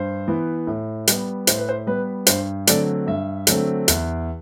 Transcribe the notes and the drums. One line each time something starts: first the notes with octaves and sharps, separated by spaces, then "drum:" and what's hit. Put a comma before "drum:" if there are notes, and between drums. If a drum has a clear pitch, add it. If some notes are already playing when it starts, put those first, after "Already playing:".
Already playing: G2 C5
E3 B3
A2
G3 B3, drum: hi-hat
A2 C5, drum: hi-hat
B4
C5
G3 B3 B4
G2 C5, drum: hi-hat
D3 F#3 A3 C4 D5, drum: hi-hat
G2 E5
D3 F#3 A3 C4, drum: hi-hat
E2, drum: hi-hat